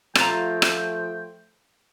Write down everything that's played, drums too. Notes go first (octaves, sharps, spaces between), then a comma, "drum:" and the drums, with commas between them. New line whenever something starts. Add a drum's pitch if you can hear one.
F3 A3 F4 G5 A#5, drum: rim click
drum: rim click